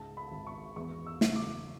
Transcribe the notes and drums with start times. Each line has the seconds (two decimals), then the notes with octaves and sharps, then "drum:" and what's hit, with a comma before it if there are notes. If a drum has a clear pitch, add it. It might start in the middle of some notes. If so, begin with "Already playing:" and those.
Already playing: C#2 G#2 A5
0.17 B5
0.31 G#1
0.47 C#6
0.76 E2 C#6
1.06 E6
1.21 F#1, drum: snare
1.36 D6